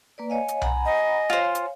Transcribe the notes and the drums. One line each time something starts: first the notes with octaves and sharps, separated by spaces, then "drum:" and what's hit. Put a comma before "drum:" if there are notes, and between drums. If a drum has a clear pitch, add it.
A#3 B4 D5
C#5 D#5 F5 G#5
drum: hi-hat
F#5 A#5 B5, drum: tom B1
D#5
F4 C5 C#5 F5
drum: hi-hat